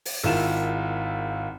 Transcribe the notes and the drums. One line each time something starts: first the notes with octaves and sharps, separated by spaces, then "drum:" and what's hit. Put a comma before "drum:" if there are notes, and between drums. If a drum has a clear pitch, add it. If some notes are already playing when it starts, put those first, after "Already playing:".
drum: open hi-hat
G#1 D#3 E4 F4 E7